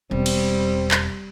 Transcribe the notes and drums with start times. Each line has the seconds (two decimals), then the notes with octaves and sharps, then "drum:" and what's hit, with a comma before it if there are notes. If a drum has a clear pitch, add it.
0.11 E1 G3 C4
0.26 drum: cymbal
0.91 drum: clap